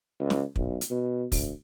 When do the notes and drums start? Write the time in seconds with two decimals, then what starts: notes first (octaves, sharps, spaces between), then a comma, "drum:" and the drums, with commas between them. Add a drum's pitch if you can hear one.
0.20 C#2
0.30 drum: snare
0.56 B1, drum: kick
0.81 drum: hi-hat
0.90 B2
1.32 D2, drum: kick, open hi-hat